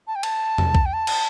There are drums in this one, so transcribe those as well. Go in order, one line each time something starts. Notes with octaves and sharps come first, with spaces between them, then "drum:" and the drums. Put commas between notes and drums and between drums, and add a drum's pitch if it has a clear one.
A5
G5
A5, drum: cymbal
drum: tom E2
drum: kick B1
G5
A5
drum: cymbal